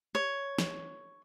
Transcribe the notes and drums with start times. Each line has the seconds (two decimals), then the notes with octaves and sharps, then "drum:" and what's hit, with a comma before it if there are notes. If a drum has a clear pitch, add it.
0.15 C#5
0.59 drum: snare